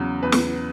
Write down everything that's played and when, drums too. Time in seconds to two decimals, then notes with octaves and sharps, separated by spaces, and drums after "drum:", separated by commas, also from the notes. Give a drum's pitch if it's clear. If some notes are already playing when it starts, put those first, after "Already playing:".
Already playing: E2 C#3 F#3
0.23 E2 B4
0.32 drum: snare